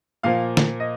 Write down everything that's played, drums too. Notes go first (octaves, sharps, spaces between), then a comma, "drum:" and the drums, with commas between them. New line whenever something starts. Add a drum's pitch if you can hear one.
A#2 F3 A#3 F5
drum: snare
D#5